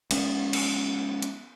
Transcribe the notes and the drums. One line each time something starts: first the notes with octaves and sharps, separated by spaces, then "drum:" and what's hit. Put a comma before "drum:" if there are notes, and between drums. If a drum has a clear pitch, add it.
G#3 B3 C#4, drum: cymbal
drum: cymbal
drum: hi-hat